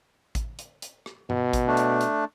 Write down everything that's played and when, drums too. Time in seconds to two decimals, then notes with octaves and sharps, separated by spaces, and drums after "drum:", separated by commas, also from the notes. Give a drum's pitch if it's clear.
0.35 drum: kick A1, hi-hat
0.59 drum: hi-hat
0.82 drum: hi-hat
1.06 drum: rim click
1.30 B2, drum: tom G2
1.53 drum: kick A1, hi-hat
1.67 A3 D4
1.77 drum: hi-hat
2.01 drum: hi-hat